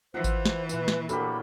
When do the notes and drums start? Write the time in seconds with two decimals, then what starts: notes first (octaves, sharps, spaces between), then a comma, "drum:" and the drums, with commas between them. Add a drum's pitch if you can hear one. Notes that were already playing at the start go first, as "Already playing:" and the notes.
0.14 E3 F4 C5 E5 F#5
0.24 drum: kick G#1, tambourine
0.45 drum: snare
0.69 A#2 E4 B4, drum: tambourine
0.88 drum: snare
1.09 A2 A#3 D4 F#4 G4 A4 B5, drum: tambourine